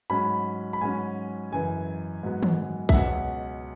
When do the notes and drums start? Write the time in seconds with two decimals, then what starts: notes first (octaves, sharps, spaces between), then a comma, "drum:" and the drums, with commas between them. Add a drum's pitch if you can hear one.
0.10 G#2 F#3 C#4 B5
0.73 B5
0.81 G#2 F#3 C#4 G#5
1.52 F#2 C#3 E3 G#5
2.23 G#2 F#3 B3
2.43 drum: tom
2.89 E5, drum: kick A#1
2.94 C#2 B2 G#3 C#4 F#5